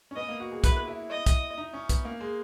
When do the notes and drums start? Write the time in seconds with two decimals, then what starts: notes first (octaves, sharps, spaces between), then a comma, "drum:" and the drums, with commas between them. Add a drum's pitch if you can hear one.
0.11 C#4
0.16 B3 D#5
0.29 A#3
0.40 F#4
0.52 G#4
0.64 E4 B4, drum: kick, hi-hat
0.87 E4
1.11 D#5
1.26 drum: kick, hi-hat
1.58 D#4
1.73 C#4
1.89 B3, drum: kick, hi-hat
2.05 A#3
2.21 G#3